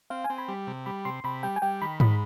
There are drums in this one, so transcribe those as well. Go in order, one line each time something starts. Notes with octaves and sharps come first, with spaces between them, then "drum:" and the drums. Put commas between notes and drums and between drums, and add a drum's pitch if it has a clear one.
C4 F5
G#5
C4
B5
G3
C3
G3 B5
C3 C6
C3 B5
G3 G5
G#5
G3 G5
D#3 B5
G#2 B5, drum: tom G#2